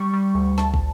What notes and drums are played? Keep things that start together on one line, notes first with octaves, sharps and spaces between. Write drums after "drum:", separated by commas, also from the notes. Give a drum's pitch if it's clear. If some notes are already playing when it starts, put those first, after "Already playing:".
Already playing: G3 C#6
G3
D2
D2 A5, drum: snare
drum: kick